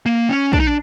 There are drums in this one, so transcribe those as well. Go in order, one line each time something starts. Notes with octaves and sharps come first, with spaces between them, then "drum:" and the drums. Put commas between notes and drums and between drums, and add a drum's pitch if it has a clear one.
A#3
C#4
D4, drum: kick
D#4
D4